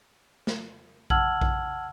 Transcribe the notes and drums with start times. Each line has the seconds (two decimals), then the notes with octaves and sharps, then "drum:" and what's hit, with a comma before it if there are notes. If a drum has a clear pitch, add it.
0.47 drum: snare
1.10 F#5 A5 E6 F6 G#6 F#7, drum: kick A#1
1.41 drum: kick A#1